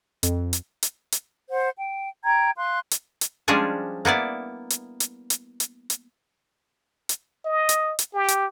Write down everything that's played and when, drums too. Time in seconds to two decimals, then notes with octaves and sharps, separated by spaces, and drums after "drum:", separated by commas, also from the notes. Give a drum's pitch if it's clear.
0.23 F2, drum: hi-hat
0.53 drum: hi-hat
0.83 drum: hi-hat
1.12 drum: hi-hat
1.50 C5 F#5
1.77 G5
2.24 G5 A#5 G#6
2.56 F5 C6 F#6
2.91 drum: hi-hat
3.21 drum: hi-hat
3.48 F3 G3 G#3 C#4 D4 G#4
4.05 A#3 B3 E4 D5
4.70 drum: hi-hat
5.00 drum: hi-hat
5.30 drum: hi-hat
5.60 drum: hi-hat
5.90 drum: hi-hat
7.09 drum: hi-hat
7.45 D#5
7.69 drum: hi-hat
7.99 drum: hi-hat
8.14 G4
8.28 drum: hi-hat